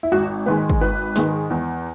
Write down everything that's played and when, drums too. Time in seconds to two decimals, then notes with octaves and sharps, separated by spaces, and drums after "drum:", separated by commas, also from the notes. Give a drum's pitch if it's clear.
0.03 E4
0.12 G#1 F#4
0.46 G#2 D#3 G#3 B4
0.70 drum: kick
0.81 G#1 B4
1.16 G#2 D#3 G#3, drum: snare
1.50 E2